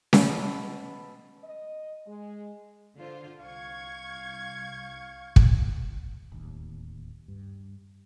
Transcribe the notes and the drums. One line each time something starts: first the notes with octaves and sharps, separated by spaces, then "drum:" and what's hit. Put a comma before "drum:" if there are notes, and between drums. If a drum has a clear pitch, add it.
B2 A4 B5, drum: snare C#4
D#5
G#3
D3 F4 C5
C2 F5 C#6 G#6
drum: kick
D1 D#2
G2